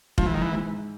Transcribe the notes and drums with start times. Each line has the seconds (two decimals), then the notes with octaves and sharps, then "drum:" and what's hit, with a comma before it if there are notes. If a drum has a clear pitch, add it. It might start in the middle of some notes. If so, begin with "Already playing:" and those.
0.18 G#2 F3, drum: kick F1
0.26 E3
0.34 D#3
0.42 E3
0.53 G#2